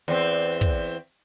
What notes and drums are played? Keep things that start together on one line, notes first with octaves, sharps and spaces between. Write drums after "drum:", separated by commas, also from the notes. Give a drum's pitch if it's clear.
E2 C4
drum: kick